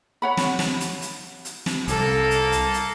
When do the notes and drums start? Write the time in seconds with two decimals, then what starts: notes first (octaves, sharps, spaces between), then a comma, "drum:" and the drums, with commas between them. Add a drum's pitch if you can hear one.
0.22 C#5 F#5 B5
0.37 drum: snare
0.59 drum: snare
0.80 drum: hi-hat
1.02 drum: hi-hat
1.45 drum: hi-hat
1.66 drum: snare
1.88 C2 A#3 A4, drum: hi-hat
2.31 drum: hi-hat
2.52 drum: hi-hat
2.73 drum: hi-hat